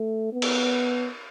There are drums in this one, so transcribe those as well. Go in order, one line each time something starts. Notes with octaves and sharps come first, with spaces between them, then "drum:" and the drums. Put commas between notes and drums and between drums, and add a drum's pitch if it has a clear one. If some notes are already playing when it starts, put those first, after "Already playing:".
Already playing: A3
B3
drum: cymbal